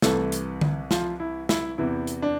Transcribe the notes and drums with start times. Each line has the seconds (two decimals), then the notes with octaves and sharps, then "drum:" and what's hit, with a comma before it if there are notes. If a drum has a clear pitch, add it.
0.02 C2 C3 E3 A3 A4, drum: snare
0.32 drum: hi-hat
0.61 drum: tom D3
0.91 F3 F4, drum: snare
1.20 E4
1.49 E4, drum: snare
1.78 E2 C3 E3 E4
2.07 drum: hi-hat
2.22 D4